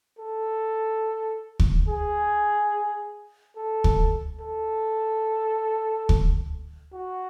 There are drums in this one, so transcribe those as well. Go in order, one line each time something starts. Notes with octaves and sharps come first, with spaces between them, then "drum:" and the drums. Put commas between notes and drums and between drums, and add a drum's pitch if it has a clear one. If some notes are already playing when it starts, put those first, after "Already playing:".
A4
drum: kick
G#4
A4
drum: kick
A4
drum: kick
F#4